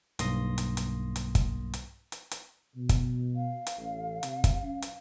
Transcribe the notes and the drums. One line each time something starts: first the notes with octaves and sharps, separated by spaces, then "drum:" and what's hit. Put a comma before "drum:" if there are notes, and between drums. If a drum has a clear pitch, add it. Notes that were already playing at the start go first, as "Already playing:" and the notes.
B1 G2 A#3 C6 D#6 A#6, drum: hi-hat
drum: hi-hat
drum: hi-hat
drum: hi-hat
drum: kick, hi-hat
drum: hi-hat
drum: hi-hat
drum: hi-hat
B2
drum: kick, hi-hat
F5
drum: hi-hat
A1
C3, drum: hi-hat
drum: kick, hi-hat
C#4
drum: hi-hat